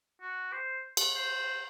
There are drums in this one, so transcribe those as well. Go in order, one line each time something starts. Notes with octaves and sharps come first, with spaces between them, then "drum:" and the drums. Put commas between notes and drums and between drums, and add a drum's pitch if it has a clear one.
F#4
C5
drum: cymbal
C5